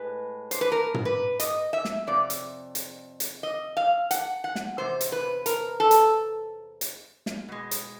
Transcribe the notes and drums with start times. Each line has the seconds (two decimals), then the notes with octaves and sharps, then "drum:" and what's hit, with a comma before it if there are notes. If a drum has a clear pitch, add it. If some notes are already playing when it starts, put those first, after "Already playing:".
Already playing: A2 G#3 B4
0.51 C5, drum: hi-hat
0.61 B4
0.72 A#4
0.94 drum: tom
1.05 B4
1.40 D#5, drum: hi-hat
1.73 E5
1.85 drum: snare
2.07 F2 C3 D5
2.30 drum: hi-hat
2.75 drum: hi-hat
3.20 drum: hi-hat
3.43 D#5
3.77 F5
4.11 F#5, drum: hi-hat
4.44 F#5
4.55 drum: snare
4.78 E2 C3 C5
5.01 drum: hi-hat
5.12 B4
5.46 A#4, drum: hi-hat
5.80 A4
5.91 drum: hi-hat
6.81 drum: hi-hat
7.26 drum: snare
7.49 B2 G#3
7.71 drum: hi-hat